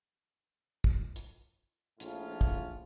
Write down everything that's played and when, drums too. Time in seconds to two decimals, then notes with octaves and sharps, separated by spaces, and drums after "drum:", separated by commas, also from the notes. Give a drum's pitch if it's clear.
0.84 drum: kick
1.16 drum: hi-hat
2.00 A#1 A2 F3 C#4 F4, drum: hi-hat
2.41 drum: kick